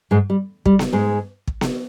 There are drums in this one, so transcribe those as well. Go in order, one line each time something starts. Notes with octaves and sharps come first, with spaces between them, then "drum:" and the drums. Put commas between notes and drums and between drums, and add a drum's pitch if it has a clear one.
G#2 G#3
G3
G3, drum: kick
drum: snare B3
G#2 G#3
drum: kick
drum: snare B3